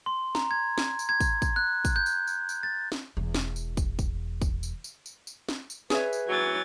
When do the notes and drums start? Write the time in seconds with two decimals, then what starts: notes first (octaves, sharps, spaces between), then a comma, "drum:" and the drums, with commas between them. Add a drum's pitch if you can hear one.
0.06 C6
0.35 A#5, drum: snare
0.51 G#6
0.78 drum: snare
0.99 drum: tambourine
1.09 G#6
1.20 drum: kick, tambourine
1.42 drum: kick, tambourine
1.56 F#6
1.85 drum: kick, tambourine
1.96 G6
2.06 drum: tambourine
2.27 drum: tambourine
2.49 drum: tambourine
2.63 A6
2.92 drum: snare
3.17 E1 E2
3.34 drum: snare
3.56 drum: tambourine
3.77 drum: kick, tambourine
3.99 drum: kick, tambourine
4.42 drum: kick, tambourine
4.63 drum: tambourine
4.84 drum: tambourine
5.06 drum: tambourine
5.27 drum: tambourine
5.49 drum: snare
5.70 drum: tambourine
5.90 G#4 B4 C#5 E5, drum: snare
6.13 drum: tambourine
6.28 E3 F#3 G#6 A6